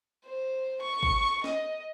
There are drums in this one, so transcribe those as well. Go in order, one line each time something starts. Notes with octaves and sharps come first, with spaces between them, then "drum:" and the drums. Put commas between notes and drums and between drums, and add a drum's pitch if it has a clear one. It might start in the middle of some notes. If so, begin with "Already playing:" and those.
C5
C#6
drum: kick G#1
D#5, drum: snare